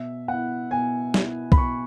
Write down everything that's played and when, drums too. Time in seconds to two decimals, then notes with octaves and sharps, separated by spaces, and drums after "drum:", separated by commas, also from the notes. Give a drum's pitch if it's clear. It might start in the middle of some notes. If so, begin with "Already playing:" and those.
Already playing: B2 E5
0.28 B3 E4 F#5
0.71 B2 G#5
1.14 B3 E4, drum: snare
1.52 B5, drum: kick B1
1.57 B2 C#6